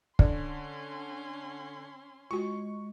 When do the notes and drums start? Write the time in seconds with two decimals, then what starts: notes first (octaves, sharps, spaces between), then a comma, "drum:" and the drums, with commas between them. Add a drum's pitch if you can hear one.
0.19 D3 C#4 D5 C6, drum: kick
2.31 G#3 F4 F#4 C#6